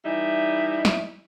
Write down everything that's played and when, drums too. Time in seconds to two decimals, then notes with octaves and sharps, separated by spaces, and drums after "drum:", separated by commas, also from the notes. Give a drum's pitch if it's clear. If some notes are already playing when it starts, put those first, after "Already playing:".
0.04 E3 G3 D#4 E4
0.85 drum: snare